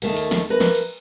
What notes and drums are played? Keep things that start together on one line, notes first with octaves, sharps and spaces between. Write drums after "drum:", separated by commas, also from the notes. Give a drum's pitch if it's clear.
D#2 G#2 A3 A#3, drum: cymbal
drum: cymbal
drum: snare
A#4 B4
drum: snare
drum: cymbal